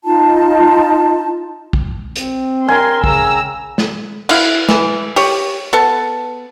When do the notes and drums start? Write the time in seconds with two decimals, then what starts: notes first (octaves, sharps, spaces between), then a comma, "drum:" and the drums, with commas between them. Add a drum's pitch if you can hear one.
0.04 D#4 F4 A5
1.73 drum: kick
2.16 C4, drum: hi-hat
2.68 A#4 G5 G#5 C6
3.04 C#3 A#5 E6, drum: kick
3.78 drum: snare
4.29 E4 F5 F#5, drum: cymbal
4.69 E3, drum: snare
5.16 G4 C#5, drum: open hi-hat
5.73 B3 A4 A5